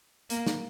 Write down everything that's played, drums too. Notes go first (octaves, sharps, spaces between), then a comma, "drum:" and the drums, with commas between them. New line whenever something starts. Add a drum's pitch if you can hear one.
A#3, drum: hi-hat
drum: snare